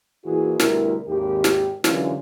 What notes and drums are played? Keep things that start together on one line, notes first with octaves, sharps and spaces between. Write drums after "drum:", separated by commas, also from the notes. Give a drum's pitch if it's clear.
A#2 E3 E4 F#4 G#4
D2 B2 G3 E4 A#4, drum: snare
G#1 D#2 D#3 G4
drum: snare
F#2 D3 E3 G#3 C#4 F4, drum: snare